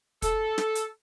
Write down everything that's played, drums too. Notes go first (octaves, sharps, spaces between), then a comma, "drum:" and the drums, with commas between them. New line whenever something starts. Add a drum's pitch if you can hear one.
A4, drum: kick, hi-hat
drum: snare
drum: hi-hat